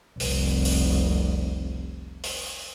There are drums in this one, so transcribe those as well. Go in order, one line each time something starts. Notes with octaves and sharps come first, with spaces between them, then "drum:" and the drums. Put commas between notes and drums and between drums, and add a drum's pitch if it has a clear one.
F1 C2, drum: open hi-hat
drum: open hi-hat
drum: open hi-hat